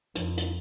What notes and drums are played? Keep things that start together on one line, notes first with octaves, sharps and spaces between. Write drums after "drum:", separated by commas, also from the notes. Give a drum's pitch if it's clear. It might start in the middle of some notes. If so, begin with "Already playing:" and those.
F2, drum: hi-hat
drum: hi-hat